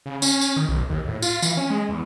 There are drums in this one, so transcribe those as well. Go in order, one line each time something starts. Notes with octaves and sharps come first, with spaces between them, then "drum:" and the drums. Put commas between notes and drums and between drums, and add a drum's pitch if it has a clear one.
C#3
C#4, drum: tambourine
drum: tambourine
D#3
B1
D#2
A2
F4, drum: tambourine
E3, drum: tambourine
C#4
G#3
E2